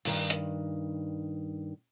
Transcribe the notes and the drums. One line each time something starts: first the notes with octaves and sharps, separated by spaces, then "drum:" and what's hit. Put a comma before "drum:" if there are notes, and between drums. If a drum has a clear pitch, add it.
G2 D#3, drum: open hi-hat
drum: hi-hat